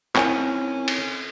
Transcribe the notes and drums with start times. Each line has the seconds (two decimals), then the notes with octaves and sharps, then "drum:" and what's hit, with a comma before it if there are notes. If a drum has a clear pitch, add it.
0.15 D#3 C4 C#4 E4 A#4 G#5, drum: clap
0.88 drum: cymbal